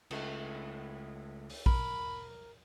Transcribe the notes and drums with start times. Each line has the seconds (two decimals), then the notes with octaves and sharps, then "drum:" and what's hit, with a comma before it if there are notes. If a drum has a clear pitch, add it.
0.11 C#2 A3, drum: cymbal
1.50 drum: open hi-hat
1.66 A#4 B5, drum: kick A#1